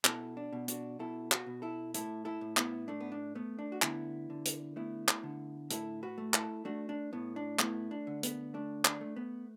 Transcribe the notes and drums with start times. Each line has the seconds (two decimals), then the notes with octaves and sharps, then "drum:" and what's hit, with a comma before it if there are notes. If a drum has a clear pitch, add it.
0.05 B2 E4 A4, drum: clap
0.37 D4
0.52 B2
0.68 D4 F#4, drum: hi-hat
0.99 B2 E4 A4
1.32 F#4 B4, drum: clap
1.46 B2
1.62 E4 A4
1.94 A2 E4 A4, drum: hi-hat
2.25 E4 A4
2.41 A2
2.57 B3 E4, drum: clap
2.88 A3 D4
3.00 B3
3.12 D4
3.35 A3 B3
3.59 D4
3.72 F#4
3.82 D3 B3 E4, drum: clap
4.30 D3
4.45 drum: hi-hat
4.76 A3 B3 E4
5.08 drum: clap
5.23 D3
5.70 A2 E4 A4, drum: hi-hat
6.03 F#4 B4
6.18 A3
6.34 E4 A4, drum: clap
6.65 A3 D4 F#4
6.89 D4
7.13 A2 B3
7.36 D4
7.59 A3 B3 E4, drum: clap
7.91 D4
8.07 D3
8.23 B3, drum: hi-hat
8.54 A3 D4
8.85 D4, drum: clap
9.01 A3
9.16 B3